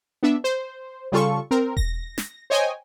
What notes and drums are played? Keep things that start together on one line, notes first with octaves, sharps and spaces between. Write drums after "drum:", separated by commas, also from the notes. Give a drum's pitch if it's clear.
B3 D4 E5
C5
C#3 G3 F4 A4 C#6
C4 A#4
A#6, drum: kick E1
drum: snare
C5 C#5 D#5 G5 G#5